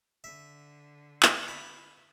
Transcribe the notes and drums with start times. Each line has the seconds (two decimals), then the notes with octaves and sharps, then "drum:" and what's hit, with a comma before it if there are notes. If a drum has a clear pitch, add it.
0.24 D3 E5
1.23 drum: clap
1.48 B5